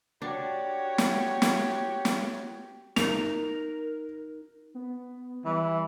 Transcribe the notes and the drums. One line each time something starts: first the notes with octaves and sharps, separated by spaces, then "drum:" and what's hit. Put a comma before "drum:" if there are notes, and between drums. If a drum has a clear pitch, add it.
D4 F#4 G4 C#5
drum: snare
drum: snare
drum: snare
D#4 A#4 F7, drum: snare
B3
E3 G3